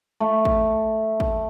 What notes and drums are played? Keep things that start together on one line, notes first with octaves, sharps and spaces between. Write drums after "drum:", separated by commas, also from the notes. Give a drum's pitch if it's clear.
A3
drum: kick
drum: kick